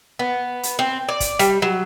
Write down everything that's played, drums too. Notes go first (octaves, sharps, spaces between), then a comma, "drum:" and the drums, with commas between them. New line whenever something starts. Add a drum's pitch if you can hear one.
B3
drum: hi-hat
C4
D5
drum: kick, hi-hat
G3, drum: hi-hat
F#3